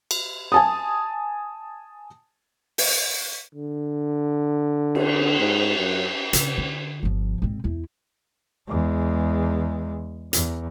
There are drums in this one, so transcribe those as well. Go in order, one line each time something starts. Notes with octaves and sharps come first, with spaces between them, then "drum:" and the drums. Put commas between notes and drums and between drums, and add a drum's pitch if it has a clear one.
drum: cymbal
G#5 A5 D#6
drum: open hi-hat
D3
drum: cymbal
G#2
F#2
C#3, drum: hi-hat
D3
G1 F3
G#1 C4
E2 E4
E2 G#3
E2, drum: hi-hat